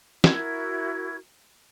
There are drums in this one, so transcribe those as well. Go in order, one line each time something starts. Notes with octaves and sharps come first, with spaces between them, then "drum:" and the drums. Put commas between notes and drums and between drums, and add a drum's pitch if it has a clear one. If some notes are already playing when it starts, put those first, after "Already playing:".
E4 F#4 A#4 G#6, drum: snare